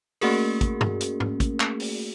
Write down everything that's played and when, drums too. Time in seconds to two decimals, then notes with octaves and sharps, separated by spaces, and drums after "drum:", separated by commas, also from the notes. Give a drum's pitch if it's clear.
0.21 A3 A#3 C#4 F#4 G#4 A#4, drum: open hi-hat
0.61 drum: kick, hi-hat
0.81 drum: tom
1.01 drum: hi-hat
1.20 drum: tom G#2
1.40 drum: kick, hi-hat
1.60 drum: clap
1.80 drum: open hi-hat